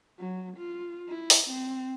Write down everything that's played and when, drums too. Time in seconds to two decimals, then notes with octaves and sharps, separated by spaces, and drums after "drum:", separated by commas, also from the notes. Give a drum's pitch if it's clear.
0.19 F#3
0.57 F4
1.08 E4
1.30 drum: open hi-hat
1.50 C4